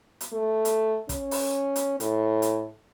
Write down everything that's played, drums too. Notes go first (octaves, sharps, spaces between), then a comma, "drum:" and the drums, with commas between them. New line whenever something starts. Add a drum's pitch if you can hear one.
drum: hi-hat
A3
drum: hi-hat
C#4, drum: kick, hi-hat
drum: open hi-hat
drum: hi-hat
A2, drum: hi-hat
drum: hi-hat